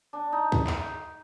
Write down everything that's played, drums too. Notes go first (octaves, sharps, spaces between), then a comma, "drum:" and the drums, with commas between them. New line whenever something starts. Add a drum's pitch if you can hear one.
D4
D#4
drum: kick
drum: clap